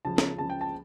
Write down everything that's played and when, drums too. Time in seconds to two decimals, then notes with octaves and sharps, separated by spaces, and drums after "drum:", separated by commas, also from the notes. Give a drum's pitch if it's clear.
0.05 C#2 C#3 F3 A5
0.18 drum: snare
0.38 C#2 C#3 F3 A5
0.50 G5
0.61 A5